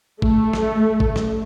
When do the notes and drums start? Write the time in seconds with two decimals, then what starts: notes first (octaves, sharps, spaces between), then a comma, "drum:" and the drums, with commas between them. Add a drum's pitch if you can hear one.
0.22 A3, drum: kick G#1
0.53 drum: snare
1.00 drum: kick G#1
1.16 drum: snare